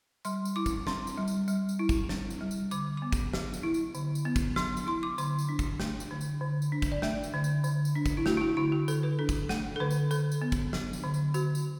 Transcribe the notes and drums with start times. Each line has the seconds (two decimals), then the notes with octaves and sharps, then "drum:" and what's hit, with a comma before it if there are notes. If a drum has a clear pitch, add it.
0.25 G3 C6, drum: tambourine
0.45 drum: tambourine
0.56 E4 D6
0.66 drum: kick, tambourine
0.87 C4 C6, drum: snare
1.07 drum: tambourine
1.18 G3
1.28 drum: tambourine
1.48 G3, drum: tambourine
1.69 drum: tambourine
1.79 E4
1.89 drum: kick, tambourine
2.09 C4, drum: snare
2.30 drum: tambourine
2.41 G3
2.51 drum: tambourine
2.71 D3 D6, drum: tambourine
2.97 B3 D6
3.13 drum: kick, tambourine
3.33 F#3, drum: snare
3.54 drum: tambourine
3.63 E4
3.74 drum: tambourine
3.95 D3, drum: tambourine
4.15 drum: tambourine
4.25 B3
4.36 drum: kick, tambourine
4.56 F#3 C6, drum: snare
4.77 drum: tambourine
4.87 E4 C6
5.03 D6
5.18 D3 C6, drum: tambourine
5.39 drum: tambourine
5.49 D4
5.59 drum: kick, tambourine
5.80 A3, drum: snare
6.00 drum: tambourine
6.11 D3
6.21 drum: tambourine
6.41 D3
6.62 drum: tambourine
6.72 D4
6.82 drum: kick, tambourine
6.92 D5
7.02 A3 E5, drum: snare
7.23 drum: tambourine
7.34 D3
7.44 drum: tambourine
7.64 D3, drum: tambourine
7.85 drum: tambourine
7.95 D4
8.06 drum: kick, tambourine
8.17 E4
8.26 A3 F#4, drum: snare
8.37 E4
8.41 F#4
8.57 D3 E4
8.72 F#4
8.88 D3 A4, drum: tambourine
9.03 B4
9.19 D4 A4
9.29 drum: kick, tambourine
9.49 A3 F#5, drum: snare
9.76 A4
9.80 D3 B4
9.91 drum: tambourine
10.11 D3 A4, drum: tambourine
10.32 drum: tambourine
10.42 B3
10.52 drum: kick, tambourine
10.73 F#3, drum: snare
10.93 drum: tambourine
11.03 D3
11.14 drum: tambourine
11.34 D3 F#4, drum: tambourine
11.55 drum: tambourine